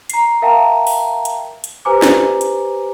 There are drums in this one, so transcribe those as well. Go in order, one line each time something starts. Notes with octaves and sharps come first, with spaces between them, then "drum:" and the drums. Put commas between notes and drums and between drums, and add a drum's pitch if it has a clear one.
A#5 C7, drum: hi-hat
A#4 E5 F5 G5 A5 A#5
drum: open hi-hat
drum: hi-hat
drum: hi-hat
G4 B4 C5 G#5 A#5 D6
drum: snare
drum: hi-hat